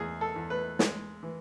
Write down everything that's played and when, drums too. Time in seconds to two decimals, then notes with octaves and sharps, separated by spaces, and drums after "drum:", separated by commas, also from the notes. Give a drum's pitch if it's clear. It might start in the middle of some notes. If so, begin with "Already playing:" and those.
Already playing: E2 G#4
0.21 A4
0.36 E2
0.50 B4
0.79 G#3, drum: snare
1.23 E3